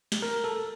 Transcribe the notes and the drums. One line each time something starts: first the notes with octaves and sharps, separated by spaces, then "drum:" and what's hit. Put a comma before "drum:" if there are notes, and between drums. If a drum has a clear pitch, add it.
drum: snare
A#4
A4